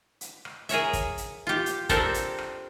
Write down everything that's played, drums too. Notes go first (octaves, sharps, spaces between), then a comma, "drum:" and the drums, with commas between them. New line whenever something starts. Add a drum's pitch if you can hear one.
drum: hi-hat
drum: rim click
G#4 A#4 C#5 E5, drum: hi-hat
drum: kick, hi-hat
drum: hi-hat
F4 G4
drum: hi-hat
C4 D4 G4 A4 A#4, drum: kick, hi-hat
drum: hi-hat
drum: rim click